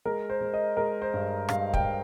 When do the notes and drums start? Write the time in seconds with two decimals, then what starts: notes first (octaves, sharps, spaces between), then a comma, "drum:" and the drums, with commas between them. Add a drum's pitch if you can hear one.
0.05 G#3 A#4
0.30 C5
0.41 G#3
0.54 D#5
0.77 G#3 A#4
1.02 C5
1.14 G2
1.49 G2 F5, drum: rim click
1.74 G5, drum: kick